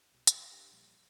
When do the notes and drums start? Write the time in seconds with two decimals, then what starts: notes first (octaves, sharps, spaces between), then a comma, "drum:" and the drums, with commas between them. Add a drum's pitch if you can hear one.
0.12 C2 B2
0.27 E5 G5 E6 F6 G#6 A6, drum: hi-hat
0.49 D4 G4 A#4 F5 B5 C6
0.72 A#2 F3 G3 A#3